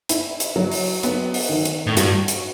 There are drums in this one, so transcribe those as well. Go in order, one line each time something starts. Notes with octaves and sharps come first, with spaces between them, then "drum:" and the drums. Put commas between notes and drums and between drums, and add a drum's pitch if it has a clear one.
E4, drum: hi-hat
drum: hi-hat
F#3
drum: open hi-hat
B3, drum: hi-hat
drum: open hi-hat
D#3
drum: hi-hat
A2
G2 F#4, drum: hi-hat
drum: hi-hat